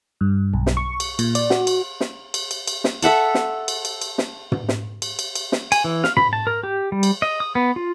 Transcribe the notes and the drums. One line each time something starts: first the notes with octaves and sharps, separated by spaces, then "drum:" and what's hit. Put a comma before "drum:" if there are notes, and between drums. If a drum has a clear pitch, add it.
G2
B1
drum: snare
C#6
drum: cymbal
A#2, drum: cymbal
D5, drum: cymbal
F#4, drum: snare
drum: cymbal
drum: snare
drum: cymbal
drum: cymbal
drum: cymbal
drum: snare
A4 E5 F#5 A5, drum: cymbal
drum: snare
drum: cymbal
drum: cymbal
drum: cymbal
drum: snare
drum: tom
drum: snare
drum: cymbal
drum: cymbal
drum: cymbal
drum: snare
G#5, drum: cymbal
E3
F5, drum: snare
B5, drum: tom
A5
A#4
G4
G3
drum: cymbal
D#5
D#6
B3
F4